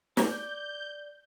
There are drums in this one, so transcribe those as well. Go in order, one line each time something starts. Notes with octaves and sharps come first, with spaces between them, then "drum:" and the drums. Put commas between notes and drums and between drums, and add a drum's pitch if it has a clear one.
D5 G6, drum: snare